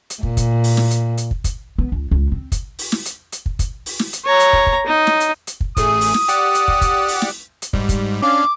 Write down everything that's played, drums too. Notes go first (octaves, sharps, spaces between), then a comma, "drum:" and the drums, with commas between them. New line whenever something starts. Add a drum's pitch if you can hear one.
drum: hi-hat
A#2, drum: kick
drum: kick, hi-hat
drum: open hi-hat
drum: snare
drum: hi-hat
drum: hi-hat
drum: kick
drum: kick, hi-hat
B3
C#2
C#2
C4
drum: kick, hi-hat
drum: open hi-hat
drum: snare
drum: hi-hat
drum: hi-hat
drum: kick
drum: kick, hi-hat
drum: open hi-hat
drum: snare
drum: hi-hat
C#5 A#5
drum: hi-hat
drum: kick
drum: kick
D#4
drum: snare
drum: hi-hat
drum: hi-hat
drum: kick
A1 A3 G#4 D#6, drum: kick, hi-hat
drum: open hi-hat
drum: snare
G4 D5 F#5, drum: hi-hat
drum: hi-hat
drum: kick
drum: kick, hi-hat
drum: open hi-hat
drum: snare
drum: hi-hat
G#2 G3, drum: kick
drum: kick, hi-hat
C#4 D4 F5 D6